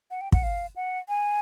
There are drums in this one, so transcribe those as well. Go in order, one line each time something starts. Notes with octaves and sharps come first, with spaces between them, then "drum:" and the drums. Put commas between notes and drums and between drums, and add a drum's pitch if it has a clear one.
F#5
G5
F#5, drum: kick
F5
F#5
G#5